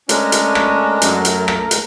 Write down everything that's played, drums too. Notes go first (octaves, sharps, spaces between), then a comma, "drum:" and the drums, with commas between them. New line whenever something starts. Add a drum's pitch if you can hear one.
G#3 A3 C#4 D4 A#4, drum: hi-hat
drum: hi-hat
drum: rim click
F#2, drum: hi-hat
drum: hi-hat
drum: rim click
drum: hi-hat